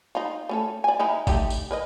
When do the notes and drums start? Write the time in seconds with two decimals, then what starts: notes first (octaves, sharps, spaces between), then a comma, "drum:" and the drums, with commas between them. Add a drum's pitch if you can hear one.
0.15 D#4 F4
0.49 A3 C#4 A4
0.84 D5 G#5
1.00 D#3 D#4 E4
1.27 A3 D#4 G4, drum: kick, tambourine
1.50 drum: tambourine
1.71 A#4 B4 D#5